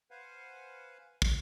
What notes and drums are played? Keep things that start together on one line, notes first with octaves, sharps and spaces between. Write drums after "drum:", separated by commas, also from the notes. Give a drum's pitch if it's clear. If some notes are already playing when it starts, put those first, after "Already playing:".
B4 C5 F5 F#5 G#5
drum: kick